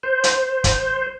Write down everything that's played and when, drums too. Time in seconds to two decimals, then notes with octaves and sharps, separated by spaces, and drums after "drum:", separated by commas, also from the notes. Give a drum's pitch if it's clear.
0.03 C5
0.24 drum: hi-hat
0.64 drum: kick, hi-hat